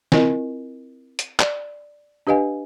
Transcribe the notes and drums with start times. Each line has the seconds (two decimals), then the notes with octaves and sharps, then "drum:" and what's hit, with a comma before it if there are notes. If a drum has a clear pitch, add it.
0.12 C4 E4 F4 A#4 D#5, drum: snare
1.19 drum: hi-hat
1.40 D5, drum: clap
2.27 D4 G4 B4 D#5 F5 G#5